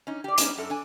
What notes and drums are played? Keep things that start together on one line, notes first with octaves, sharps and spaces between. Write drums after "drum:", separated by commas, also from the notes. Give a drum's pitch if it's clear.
C#4 D#4
G4 D5
G3 B3 C#4 D#4, drum: hi-hat
F#2 A4
D4 G#5